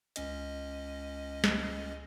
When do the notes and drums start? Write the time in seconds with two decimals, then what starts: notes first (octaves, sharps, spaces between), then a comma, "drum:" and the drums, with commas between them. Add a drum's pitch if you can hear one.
0.16 C#2 C#4 D#5, drum: hi-hat
1.44 drum: snare